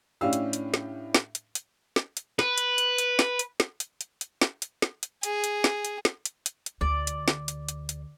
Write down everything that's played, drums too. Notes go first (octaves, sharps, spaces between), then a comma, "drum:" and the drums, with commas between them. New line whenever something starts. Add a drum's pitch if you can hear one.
A2 C#4 D4 G4 F5 E6
drum: hi-hat
drum: hi-hat
drum: snare
drum: snare
drum: hi-hat
drum: hi-hat
drum: snare
drum: hi-hat
B4, drum: snare
drum: hi-hat
drum: hi-hat
drum: hi-hat
drum: snare
drum: hi-hat
drum: snare
drum: hi-hat
drum: hi-hat
drum: hi-hat
drum: snare
drum: hi-hat
drum: snare
drum: hi-hat
G#4, drum: hi-hat
drum: hi-hat
drum: snare
drum: hi-hat
drum: snare
drum: hi-hat
drum: hi-hat
drum: hi-hat
D2 D5
drum: hi-hat
drum: snare
drum: hi-hat
drum: hi-hat
drum: hi-hat